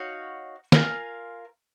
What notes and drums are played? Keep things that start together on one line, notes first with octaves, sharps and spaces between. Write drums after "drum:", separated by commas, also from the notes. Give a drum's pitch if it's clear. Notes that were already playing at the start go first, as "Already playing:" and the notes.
Already playing: D#4 F#4 C#5 F5
F4 A#4 F5 G#5, drum: snare